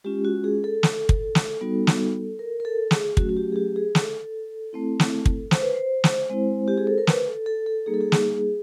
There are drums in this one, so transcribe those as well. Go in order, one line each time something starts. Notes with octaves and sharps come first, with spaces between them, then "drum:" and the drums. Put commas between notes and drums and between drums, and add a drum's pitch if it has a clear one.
G#3 C#4 F4 G4
F#4
G#4
A4
drum: snare
drum: kick
drum: snare
G3 B3 D#4 F#4
drum: snare
A#4
A#4
A4
G#4, drum: snare
F#3 A3 C#4 F#4, drum: kick
F#4
G4
G#4
G4
G#4
A4, drum: snare
A3 C4 E4
drum: snare
drum: kick
C5, drum: snare
B4
C5
drum: snare
G#3 C4 E4
G4
G#4
A4
A#4
B4, drum: snare
A4
A4
A4
G3 A#3 D#4 G#4
A4
G#4
drum: snare